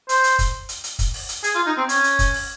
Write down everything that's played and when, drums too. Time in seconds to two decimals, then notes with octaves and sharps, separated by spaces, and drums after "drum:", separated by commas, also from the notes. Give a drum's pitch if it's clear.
0.09 C5, drum: hi-hat
0.24 drum: hi-hat
0.39 drum: kick, hi-hat
0.69 drum: hi-hat
0.84 drum: hi-hat
0.99 drum: kick, hi-hat
1.14 drum: open hi-hat
1.29 drum: hi-hat
1.44 G#4, drum: hi-hat
1.55 F4
1.66 D#4
1.77 C4
1.89 C#4, drum: hi-hat
2.04 drum: hi-hat
2.19 drum: kick, hi-hat
2.34 drum: open hi-hat